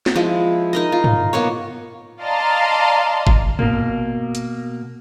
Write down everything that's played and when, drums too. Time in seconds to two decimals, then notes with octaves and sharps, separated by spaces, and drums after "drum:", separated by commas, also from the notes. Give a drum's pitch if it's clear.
0.06 drum: snare
0.15 F3 G#3 E4
0.73 D#4 A#4 D#5
0.92 F4
1.04 drum: tom
1.33 A#3 B3 C#5
2.23 D5 D#5 F5 A5 A#5 C6
3.27 drum: kick G1
3.59 B2 A#3, drum: tom
4.35 drum: hi-hat